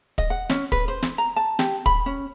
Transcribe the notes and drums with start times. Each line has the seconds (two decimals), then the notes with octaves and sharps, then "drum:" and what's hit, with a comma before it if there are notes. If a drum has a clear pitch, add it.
0.18 D#5, drum: kick
0.30 F#5
0.49 C#4, drum: snare
0.72 B4, drum: kick
0.88 C5
1.02 drum: snare
1.18 A#5
1.36 A5
1.59 G4, drum: snare
1.86 B5, drum: kick
2.06 C#4